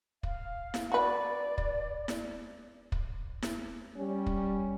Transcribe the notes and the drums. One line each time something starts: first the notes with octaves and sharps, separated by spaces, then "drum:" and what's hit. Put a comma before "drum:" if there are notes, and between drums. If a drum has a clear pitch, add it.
F5, drum: kick
drum: snare E4
F#4 B4 D5
drum: kick
drum: snare E4
drum: kick
drum: snare E4
G3 C#4
drum: kick